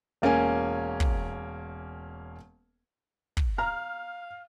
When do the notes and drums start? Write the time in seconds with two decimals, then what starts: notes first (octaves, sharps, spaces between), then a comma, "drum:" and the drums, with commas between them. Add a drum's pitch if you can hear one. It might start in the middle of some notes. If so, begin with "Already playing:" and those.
0.22 E1 A#3 C#4 G#5
1.00 drum: kick
3.37 drum: kick
3.58 F5 A#5 F6